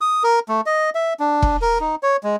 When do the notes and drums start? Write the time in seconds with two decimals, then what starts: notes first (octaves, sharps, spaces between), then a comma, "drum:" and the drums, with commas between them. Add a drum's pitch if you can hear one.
0.01 D#6
0.24 A#4
0.49 A3
0.66 D#5
0.95 E5
1.20 D4
1.42 drum: kick F1
1.62 A#4
1.80 D#4
2.03 C#5
2.23 G#3